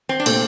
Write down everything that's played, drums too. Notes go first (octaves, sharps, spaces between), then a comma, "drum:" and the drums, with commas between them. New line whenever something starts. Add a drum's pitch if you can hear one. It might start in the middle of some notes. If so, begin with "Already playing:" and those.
C4
D4
A#2 A3 C4, drum: cymbal